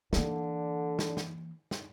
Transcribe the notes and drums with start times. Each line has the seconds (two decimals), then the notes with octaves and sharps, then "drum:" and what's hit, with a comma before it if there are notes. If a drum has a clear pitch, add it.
0.13 D3 E3 A#3, drum: snare
0.99 drum: snare
1.17 drum: snare
1.71 drum: snare